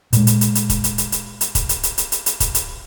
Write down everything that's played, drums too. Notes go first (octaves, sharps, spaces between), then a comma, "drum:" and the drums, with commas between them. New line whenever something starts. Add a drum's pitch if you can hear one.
A#2 G#3, drum: hi-hat
drum: hi-hat
drum: hi-hat
drum: hi-hat
drum: kick, hi-hat
drum: hi-hat
drum: hi-hat
drum: hi-hat
drum: hi-hat
drum: kick, hi-hat
drum: hi-hat
drum: hi-hat
drum: hi-hat
drum: hi-hat
drum: hi-hat
drum: kick, hi-hat
drum: hi-hat